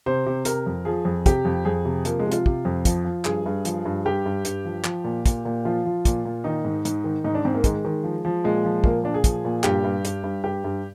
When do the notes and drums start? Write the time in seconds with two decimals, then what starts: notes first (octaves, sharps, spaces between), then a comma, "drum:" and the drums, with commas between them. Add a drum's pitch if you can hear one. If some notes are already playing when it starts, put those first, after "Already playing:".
0.06 C3 C5
0.26 C3
0.45 C3 A#4, drum: hi-hat
0.66 F2
0.85 F3 G#4
1.05 F2
1.26 C3 G4, drum: kick, hi-hat
1.45 F2
1.65 F2 G#4
1.85 C3
2.05 F3 A#3, drum: hi-hat
2.19 G#3
2.26 C3
2.32 F4, drum: hi-hat
2.46 C3, drum: kick
2.65 F2
2.85 F3, drum: kick, hi-hat
3.05 F3
3.25 G2 G#4, drum: clap
3.46 G2
3.65 F3, drum: hi-hat
3.85 G2
4.05 G2 G4
4.26 G2
4.45 G2, drum: hi-hat
4.65 F3
4.84 F3, drum: clap
5.04 A#2
5.26 A#2, drum: kick, hi-hat
5.45 A#2
5.65 F3 F4
5.85 F3
6.05 A#2, drum: kick, hi-hat
6.25 A#2
6.44 D#3 D#4
6.65 G#2
6.85 G#2, drum: hi-hat
7.04 D#3
7.24 G#2 D#4
7.35 D4
7.45 G#2 C4
7.54 A#3
7.64 D#3 G#3, drum: kick, hi-hat
7.85 D#3
8.04 F3
8.25 F3
8.44 A#2 G#3
8.65 F3
8.84 A#2 A#3, drum: kick
9.04 A#2 D4
9.14 G#4
9.24 F3, drum: kick, hi-hat
9.45 A#2
9.64 G2 G4, drum: clap
9.84 G2
10.05 G2, drum: hi-hat
10.24 G2
10.44 G2 G4
10.64 G2